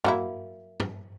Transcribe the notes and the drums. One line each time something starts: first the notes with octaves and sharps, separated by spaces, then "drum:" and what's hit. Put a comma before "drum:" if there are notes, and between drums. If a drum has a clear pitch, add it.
F#3 A#3 E4, drum: tom
drum: tom